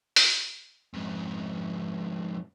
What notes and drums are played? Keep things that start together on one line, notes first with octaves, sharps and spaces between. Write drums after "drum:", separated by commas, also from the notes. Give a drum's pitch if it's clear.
drum: open hi-hat
F2 G#2